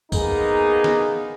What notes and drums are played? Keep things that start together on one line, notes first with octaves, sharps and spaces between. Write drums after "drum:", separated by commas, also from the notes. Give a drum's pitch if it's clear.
A#3 B3 D#4 G#4, drum: kick, tambourine
drum: snare